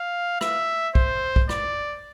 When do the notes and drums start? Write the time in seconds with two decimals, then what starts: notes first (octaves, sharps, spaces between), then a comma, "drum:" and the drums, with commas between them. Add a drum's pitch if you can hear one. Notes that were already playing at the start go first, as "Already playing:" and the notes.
Already playing: F5
0.41 E5, drum: rim click
0.95 C5, drum: kick
1.36 drum: kick
1.49 D5, drum: rim click